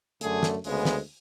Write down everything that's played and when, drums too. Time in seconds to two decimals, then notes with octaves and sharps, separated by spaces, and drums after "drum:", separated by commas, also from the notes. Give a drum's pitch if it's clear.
0.21 F#2 D3 A3 G#4, drum: hi-hat
0.43 drum: snare
0.64 D2 C#3 G#3 B3, drum: open hi-hat
0.85 drum: snare